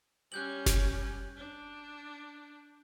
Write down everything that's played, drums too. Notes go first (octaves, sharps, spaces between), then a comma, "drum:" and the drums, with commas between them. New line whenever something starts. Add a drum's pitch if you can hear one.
G3 C#4 F#6 G6 F#7
drum: snare F#1
D4